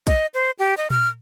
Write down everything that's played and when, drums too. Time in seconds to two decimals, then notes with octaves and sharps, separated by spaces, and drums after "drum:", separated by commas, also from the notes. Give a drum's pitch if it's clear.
0.07 D#5, drum: kick, hi-hat
0.34 C5
0.59 G4
0.77 D#5
0.90 F6, drum: tom A#2